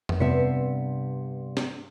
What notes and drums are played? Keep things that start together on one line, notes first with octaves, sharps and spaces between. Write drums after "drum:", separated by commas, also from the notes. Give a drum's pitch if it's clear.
drum: tom F2
G2 C3 B3 E5
drum: snare